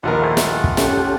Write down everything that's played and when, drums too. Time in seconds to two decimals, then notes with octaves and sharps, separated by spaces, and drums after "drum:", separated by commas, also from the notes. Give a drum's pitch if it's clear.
0.03 A#1 D#2 F4 A#4 F#5
0.22 A3 C4 G#4
0.37 drum: snare
0.64 drum: kick
0.77 C#4 G4 A4, drum: snare